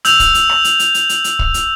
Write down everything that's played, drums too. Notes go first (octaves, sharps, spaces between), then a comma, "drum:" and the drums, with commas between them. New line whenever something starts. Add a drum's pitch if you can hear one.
E6 G6 F7, drum: hi-hat
drum: kick, hi-hat
drum: hi-hat
drum: rim click
drum: hi-hat
drum: hi-hat
drum: hi-hat
drum: hi-hat
drum: hi-hat
drum: kick
drum: hi-hat